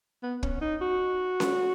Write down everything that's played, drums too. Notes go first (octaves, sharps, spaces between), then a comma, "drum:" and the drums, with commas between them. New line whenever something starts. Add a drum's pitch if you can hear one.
B3
C#4, drum: kick
D#4
F#4
drum: snare C#4